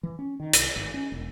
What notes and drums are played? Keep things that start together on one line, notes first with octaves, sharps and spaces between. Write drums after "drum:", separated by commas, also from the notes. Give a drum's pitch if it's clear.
E3
C#4
D#3
C2, drum: hi-hat
G#1
C#4
E1